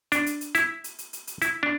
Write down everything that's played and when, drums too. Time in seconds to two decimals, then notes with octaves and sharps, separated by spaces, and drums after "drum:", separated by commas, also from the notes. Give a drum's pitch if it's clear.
0.12 D4, drum: hi-hat
0.26 drum: hi-hat
0.41 drum: hi-hat
0.55 E4, drum: hi-hat
0.84 drum: hi-hat
0.99 drum: hi-hat
1.13 drum: hi-hat
1.27 drum: hi-hat
1.42 E4, drum: hi-hat
1.63 D4